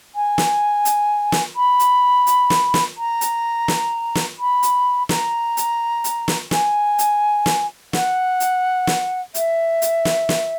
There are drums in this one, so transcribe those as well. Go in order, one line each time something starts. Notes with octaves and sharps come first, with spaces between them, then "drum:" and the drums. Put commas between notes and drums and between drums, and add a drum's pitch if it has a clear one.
G#5
drum: snare
drum: hi-hat
drum: snare
B5
drum: hi-hat
drum: hi-hat
drum: snare
drum: snare
A#5
drum: hi-hat
drum: snare
drum: snare
B5
drum: hi-hat
A#5, drum: snare
drum: hi-hat
drum: hi-hat
drum: snare
G#5, drum: snare
drum: hi-hat
drum: snare
F#5, drum: snare
drum: hi-hat
drum: snare
E5, drum: hi-hat
drum: hi-hat
drum: snare
drum: snare